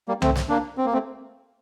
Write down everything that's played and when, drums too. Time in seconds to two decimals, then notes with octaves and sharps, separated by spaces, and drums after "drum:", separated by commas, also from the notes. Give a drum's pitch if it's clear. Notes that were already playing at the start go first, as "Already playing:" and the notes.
0.08 G3 A#3
0.22 A3 C4, drum: tom C2
0.36 drum: snare
0.49 A#3 D4
0.78 C4
0.86 A#3
0.93 A3 C4